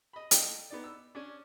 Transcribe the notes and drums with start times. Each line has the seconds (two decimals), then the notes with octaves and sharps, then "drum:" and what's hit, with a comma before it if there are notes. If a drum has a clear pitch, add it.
0.13 D#5 B5
0.31 A4 D#5 G5, drum: hi-hat
0.70 B3 D#4 D5
0.84 E6
1.15 C#4 D4